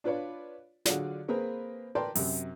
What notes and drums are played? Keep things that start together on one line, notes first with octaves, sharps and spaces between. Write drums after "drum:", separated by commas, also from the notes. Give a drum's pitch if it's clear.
D4 F4 B4 C#5 D5
D3 F#3 F4 G#4 D5 F5, drum: snare
A#3 C4 G#4 A#4 B4
A#4 B4 D5 G5 A5 C6
F#2 C3, drum: open hi-hat